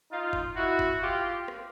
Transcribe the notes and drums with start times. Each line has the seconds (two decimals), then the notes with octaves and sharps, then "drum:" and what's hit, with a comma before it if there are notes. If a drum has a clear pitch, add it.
0.11 D#4 F4
0.33 drum: kick
0.56 E4 F#4
0.79 drum: kick
1.02 F4 G4
1.48 drum: rim click